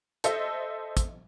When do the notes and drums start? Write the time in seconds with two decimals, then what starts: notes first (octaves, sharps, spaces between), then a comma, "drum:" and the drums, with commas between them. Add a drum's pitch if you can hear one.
0.24 A4 C5 D#5 E5, drum: hi-hat
0.97 drum: kick, hi-hat